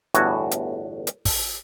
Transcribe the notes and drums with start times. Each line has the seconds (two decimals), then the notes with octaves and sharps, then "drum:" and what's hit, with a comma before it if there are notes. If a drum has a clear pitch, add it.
0.14 G1 E2 A2 F#4 G#5 A5, drum: hi-hat
0.51 drum: hi-hat
1.07 drum: hi-hat
1.25 drum: kick, open hi-hat